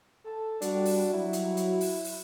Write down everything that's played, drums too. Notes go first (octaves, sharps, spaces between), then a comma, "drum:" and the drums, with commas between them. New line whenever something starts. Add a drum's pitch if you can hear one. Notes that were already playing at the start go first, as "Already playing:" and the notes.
A4
G3 D4 F#4, drum: hi-hat
drum: open hi-hat
F#3 E4
drum: hi-hat
drum: hi-hat
drum: open hi-hat
drum: open hi-hat